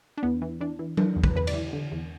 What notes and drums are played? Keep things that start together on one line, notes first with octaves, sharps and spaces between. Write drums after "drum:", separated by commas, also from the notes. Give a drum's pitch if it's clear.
D4
E2 B3
E3
E3 D4
E3
E3 D4, drum: tom F#3
E2
B4, drum: kick
E2 B4
D5, drum: cymbal
E3
D3
E2